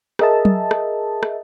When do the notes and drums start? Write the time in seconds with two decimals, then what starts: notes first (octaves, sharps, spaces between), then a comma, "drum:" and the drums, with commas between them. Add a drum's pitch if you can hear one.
0.19 G#4 A#4 D#5 E5 A5, drum: rim click
0.45 drum: tom F#3
0.71 drum: rim click
1.23 drum: rim click